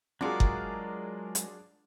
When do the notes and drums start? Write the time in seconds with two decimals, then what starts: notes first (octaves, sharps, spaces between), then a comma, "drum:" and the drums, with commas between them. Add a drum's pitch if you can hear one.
0.21 F#3 G#3 D4 F4 F#4 G#4 A#4 D5
0.40 drum: kick F#1
1.35 drum: hi-hat